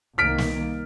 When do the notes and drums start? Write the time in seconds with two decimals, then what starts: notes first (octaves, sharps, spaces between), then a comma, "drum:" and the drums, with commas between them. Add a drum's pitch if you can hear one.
0.18 C2 D#3 A#3 F6 B6 D7
0.38 drum: snare